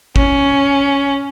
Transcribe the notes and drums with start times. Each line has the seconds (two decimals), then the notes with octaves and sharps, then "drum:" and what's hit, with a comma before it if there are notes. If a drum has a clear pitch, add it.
0.16 C#4, drum: kick